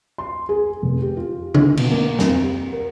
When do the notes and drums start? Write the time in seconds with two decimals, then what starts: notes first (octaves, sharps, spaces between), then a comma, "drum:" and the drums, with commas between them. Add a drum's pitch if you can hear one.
0.18 C6
0.49 G#4
0.82 F1
1.02 G4
1.17 F4
1.55 D3, drum: tom C#3
1.77 B2, drum: cymbal
1.91 A#3
2.19 F2, drum: snare
2.42 G4
2.73 A#4